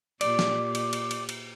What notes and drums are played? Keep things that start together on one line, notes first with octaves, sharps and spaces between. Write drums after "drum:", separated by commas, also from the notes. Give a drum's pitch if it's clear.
A#2 G4 D5 D6, drum: cymbal
drum: snare
drum: cymbal
drum: cymbal
drum: cymbal
drum: cymbal